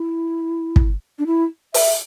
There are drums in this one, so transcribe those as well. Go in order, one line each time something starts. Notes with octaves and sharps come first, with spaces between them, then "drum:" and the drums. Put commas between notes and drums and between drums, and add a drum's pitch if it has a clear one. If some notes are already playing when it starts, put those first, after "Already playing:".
Already playing: E4
drum: kick
D4
E4
E5, drum: open hi-hat